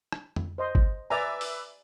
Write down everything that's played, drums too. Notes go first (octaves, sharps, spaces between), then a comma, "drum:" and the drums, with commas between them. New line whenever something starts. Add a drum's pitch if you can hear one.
drum: rim click
drum: tom F2
C5 D#5 C6
drum: kick G1
B4 D5 E5 G#5 A#5 D6
drum: open hi-hat